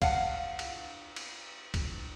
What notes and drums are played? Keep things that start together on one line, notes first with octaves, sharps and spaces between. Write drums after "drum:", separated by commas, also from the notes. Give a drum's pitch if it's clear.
F5 F#5, drum: kick, cymbal
drum: cymbal
drum: cymbal
drum: kick, cymbal